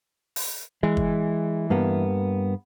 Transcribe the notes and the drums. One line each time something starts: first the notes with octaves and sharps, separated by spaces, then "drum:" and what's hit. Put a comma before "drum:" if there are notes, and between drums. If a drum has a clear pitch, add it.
drum: open hi-hat
E3 G#3
drum: kick
G2 A#3 B3